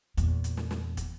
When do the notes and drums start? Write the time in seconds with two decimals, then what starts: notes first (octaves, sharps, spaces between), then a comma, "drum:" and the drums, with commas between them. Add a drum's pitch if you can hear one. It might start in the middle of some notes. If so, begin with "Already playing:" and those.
0.17 E2 A#2, drum: hi-hat
0.44 drum: hi-hat
0.57 drum: snare
0.71 drum: snare
0.97 drum: kick, hi-hat